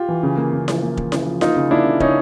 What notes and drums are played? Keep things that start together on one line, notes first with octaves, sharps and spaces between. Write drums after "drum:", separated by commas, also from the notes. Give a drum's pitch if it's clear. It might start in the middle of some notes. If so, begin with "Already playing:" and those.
Already playing: F4 G4
E3
C#3
A#3
C#3
F3, drum: snare E4
A#3
A#3, drum: kick
C#3, drum: snare E4
F3
A#3 D#4 F4, drum: snare E4
C#3
A#3 D4 E4
C#3
C#3 C#4 D#4, drum: kick